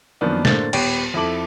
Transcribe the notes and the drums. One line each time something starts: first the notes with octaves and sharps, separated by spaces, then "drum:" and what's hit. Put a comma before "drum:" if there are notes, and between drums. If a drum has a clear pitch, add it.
F#2 D#3 F3 A#3 B3 D4
A2 D3 A#3 C5 A6, drum: snare
D#1 B3 G4 C#5 D7, drum: cymbal
F2 E4 A4 D6 F#7